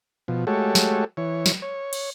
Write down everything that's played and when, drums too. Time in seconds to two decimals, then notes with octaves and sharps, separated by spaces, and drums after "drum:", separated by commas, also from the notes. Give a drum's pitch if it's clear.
0.28 B2 F3
0.47 G#3 A3 F#4 G4 A4 C#5
0.75 drum: snare
1.17 E3 C#5
1.46 drum: snare
1.62 C#5
1.93 drum: cymbal